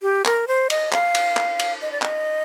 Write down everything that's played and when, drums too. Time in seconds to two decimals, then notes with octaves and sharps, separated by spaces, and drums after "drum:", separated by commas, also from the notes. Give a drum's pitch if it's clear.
0.02 G4
0.25 A#4, drum: clap
0.48 C5
0.70 D#5, drum: cymbal
0.93 F5, drum: clap
1.15 drum: cymbal
1.37 drum: clap
1.59 drum: cymbal
1.82 D#5
1.92 D5
2.02 D#5, drum: clap